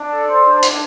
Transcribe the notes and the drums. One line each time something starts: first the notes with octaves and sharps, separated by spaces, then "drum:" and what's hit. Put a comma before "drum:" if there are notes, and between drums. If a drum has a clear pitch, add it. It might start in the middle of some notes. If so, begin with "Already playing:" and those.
Already playing: D4 D5
A4
C5
D4
D4, drum: hi-hat